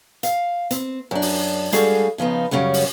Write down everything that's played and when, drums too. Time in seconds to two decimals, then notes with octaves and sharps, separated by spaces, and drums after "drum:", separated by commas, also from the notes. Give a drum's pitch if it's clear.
0.23 F5, drum: hi-hat
0.71 C4, drum: hi-hat
1.11 F#2 D4
1.22 drum: open hi-hat
1.72 G3 G#3 F#4 G#4 A4 F5, drum: hi-hat
2.18 C#3 F3 B3 D#4
2.51 F#2 C#3 G3 C#4
2.74 drum: open hi-hat